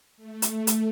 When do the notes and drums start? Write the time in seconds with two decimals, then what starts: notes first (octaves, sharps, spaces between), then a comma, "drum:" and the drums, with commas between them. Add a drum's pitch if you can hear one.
0.17 A3
0.42 drum: hi-hat
0.67 drum: hi-hat